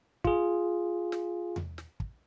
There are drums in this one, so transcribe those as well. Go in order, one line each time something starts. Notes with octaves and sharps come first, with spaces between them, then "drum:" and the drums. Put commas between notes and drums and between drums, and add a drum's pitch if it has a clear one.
F4 G#4, drum: kick
drum: snare
drum: tom E2
drum: snare
drum: kick